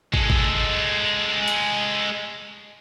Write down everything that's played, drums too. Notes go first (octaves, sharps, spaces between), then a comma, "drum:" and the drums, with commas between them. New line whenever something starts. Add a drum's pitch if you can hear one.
G#3 A4, drum: kick
drum: kick
drum: hi-hat